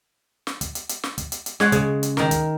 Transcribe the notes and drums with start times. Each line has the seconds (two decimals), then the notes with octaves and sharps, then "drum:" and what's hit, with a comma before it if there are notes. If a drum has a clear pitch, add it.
0.47 drum: snare
0.61 drum: kick, hi-hat
0.75 drum: hi-hat
0.89 drum: hi-hat
1.03 drum: snare
1.18 drum: kick, hi-hat
1.32 drum: hi-hat
1.46 drum: hi-hat
1.60 G#3 C#5 F#5, drum: snare
1.72 C#3, drum: kick, hi-hat
2.03 drum: hi-hat
2.17 D#3 A#4, drum: snare
2.31 drum: kick, hi-hat